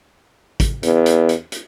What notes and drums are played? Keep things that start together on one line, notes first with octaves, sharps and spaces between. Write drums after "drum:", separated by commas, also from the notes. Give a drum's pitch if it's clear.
drum: kick, hi-hat
E2, drum: hi-hat
drum: hi-hat
drum: hi-hat
drum: hi-hat